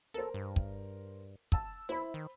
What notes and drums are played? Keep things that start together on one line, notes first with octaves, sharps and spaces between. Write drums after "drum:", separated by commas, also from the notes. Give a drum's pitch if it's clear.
A4 A#4 C5
G2
drum: kick
A5 E6, drum: kick
E4 C5 B5
D#3